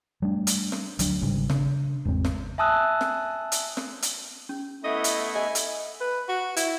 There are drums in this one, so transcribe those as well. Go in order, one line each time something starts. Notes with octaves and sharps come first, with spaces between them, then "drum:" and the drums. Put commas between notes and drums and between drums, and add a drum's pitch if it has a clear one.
G3 A3 D4
drum: hi-hat
drum: snare
D2 F#3 D4, drum: hi-hat
G#1 G#2 C#3 G3
C#3 D4, drum: snare
G#1 E2 G#3 C4
drum: snare
E5 G#5 A5 D#6 E6 F#6
drum: snare
drum: hi-hat
drum: snare
drum: hi-hat
C#4
A3 B3 E4 D#5
drum: hi-hat
D#5 G#5
drum: hi-hat
B4
F#4
E4, drum: hi-hat